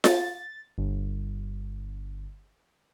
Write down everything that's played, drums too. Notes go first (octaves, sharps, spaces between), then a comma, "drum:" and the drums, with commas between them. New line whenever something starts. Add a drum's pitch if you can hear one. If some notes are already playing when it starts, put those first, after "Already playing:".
A6, drum: snare F4
G1